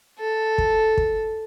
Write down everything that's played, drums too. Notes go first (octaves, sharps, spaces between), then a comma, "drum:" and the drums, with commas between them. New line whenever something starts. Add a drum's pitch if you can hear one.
A4
drum: kick
drum: kick